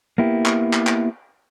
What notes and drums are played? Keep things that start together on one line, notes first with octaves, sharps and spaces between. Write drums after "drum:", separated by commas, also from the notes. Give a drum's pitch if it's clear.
A#3 B3 E4 G4
drum: clap
drum: clap
drum: clap